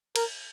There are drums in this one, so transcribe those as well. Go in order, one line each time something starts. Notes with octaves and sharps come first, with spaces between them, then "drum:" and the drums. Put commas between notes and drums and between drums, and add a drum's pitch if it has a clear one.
A#4, drum: cymbal